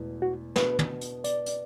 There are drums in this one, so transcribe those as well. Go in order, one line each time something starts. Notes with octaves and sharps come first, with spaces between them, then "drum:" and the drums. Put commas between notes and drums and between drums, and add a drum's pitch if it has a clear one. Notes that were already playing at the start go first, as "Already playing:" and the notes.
Already playing: E1 E2 B2 A3 E4
F#4
B2 B3 D4 B4, drum: snare
drum: tom
drum: hi-hat
D5, drum: hi-hat
drum: hi-hat